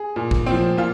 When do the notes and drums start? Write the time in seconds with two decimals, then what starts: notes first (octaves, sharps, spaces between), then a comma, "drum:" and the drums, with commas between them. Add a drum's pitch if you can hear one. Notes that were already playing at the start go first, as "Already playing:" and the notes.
Already playing: G#4
0.16 A#2
0.31 drum: kick A1
0.46 F3 C4
0.77 A#2 F4